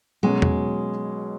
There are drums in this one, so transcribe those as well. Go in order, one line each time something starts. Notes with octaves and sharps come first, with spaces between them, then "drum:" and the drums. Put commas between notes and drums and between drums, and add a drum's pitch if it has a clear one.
B2 F#3 G#3 C#4
drum: tom E2